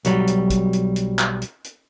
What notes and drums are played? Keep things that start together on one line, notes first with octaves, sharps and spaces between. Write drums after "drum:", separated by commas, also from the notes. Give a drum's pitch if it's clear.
B1 F#3 G3, drum: hi-hat
drum: hi-hat
drum: kick, hi-hat
drum: hi-hat
drum: hi-hat
drum: clap
drum: hi-hat
drum: hi-hat